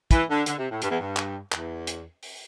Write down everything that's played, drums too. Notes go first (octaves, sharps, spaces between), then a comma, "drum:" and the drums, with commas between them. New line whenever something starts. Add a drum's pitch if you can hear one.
E3, drum: kick, hi-hat
D3
D3, drum: hi-hat
C3
A2
G2, drum: hi-hat
E2
G2
drum: clap
E2, drum: clap
drum: hi-hat
drum: open hi-hat